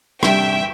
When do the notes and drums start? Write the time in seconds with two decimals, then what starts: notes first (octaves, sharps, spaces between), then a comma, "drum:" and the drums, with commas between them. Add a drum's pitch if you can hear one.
0.23 C3 G3 D4 E5 G5, drum: rim click